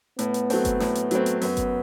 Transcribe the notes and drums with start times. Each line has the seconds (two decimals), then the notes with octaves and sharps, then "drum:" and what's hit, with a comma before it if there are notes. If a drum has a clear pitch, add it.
0.19 A2 B3, drum: hi-hat
0.34 drum: hi-hat
0.50 F#3 A3 C4, drum: open hi-hat
0.65 drum: kick G1, hi-hat
0.80 A2, drum: snare
0.95 drum: hi-hat
1.11 F#3 A3 C4, drum: hi-hat
1.26 drum: hi-hat
1.41 F#2 B3, drum: open hi-hat
1.57 drum: kick G1, hi-hat